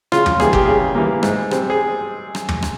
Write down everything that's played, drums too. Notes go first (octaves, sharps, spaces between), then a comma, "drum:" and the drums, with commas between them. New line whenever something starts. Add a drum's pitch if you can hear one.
C#3 F4, drum: rim click
drum: tom
E3 G3 A#3 G#4, drum: rim click
G4, drum: kick
C#3 G#4
E3 G3 A#3
G#2, drum: rim click
G3 C4, drum: rim click
G#4
drum: rim click
drum: tom
drum: rim click